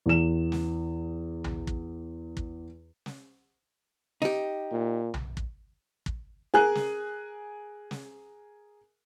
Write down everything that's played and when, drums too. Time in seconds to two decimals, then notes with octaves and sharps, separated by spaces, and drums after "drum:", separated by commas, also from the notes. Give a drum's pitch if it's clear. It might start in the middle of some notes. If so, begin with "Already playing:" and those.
0.06 E2 E7
0.52 drum: snare
1.44 drum: tom B1
1.67 drum: kick
2.37 drum: kick
3.06 drum: snare
4.22 D#4 G4, drum: snare
4.72 A#2
5.14 drum: tom B1
5.37 drum: kick
6.06 drum: kick
6.54 G#4 A#4 G#5 F#6
6.75 drum: snare
7.91 drum: snare